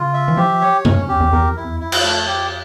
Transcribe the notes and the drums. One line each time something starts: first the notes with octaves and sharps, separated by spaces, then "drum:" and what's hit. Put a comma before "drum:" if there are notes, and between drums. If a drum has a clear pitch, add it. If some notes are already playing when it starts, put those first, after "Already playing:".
Already playing: C#3 F4
E5
E3
F3 G4
C#5
G2 C#4, drum: tom
F2
E2 G4
E2
E2 A#4
F2
E4
E2
F2 E4
drum: cymbal
A3
G4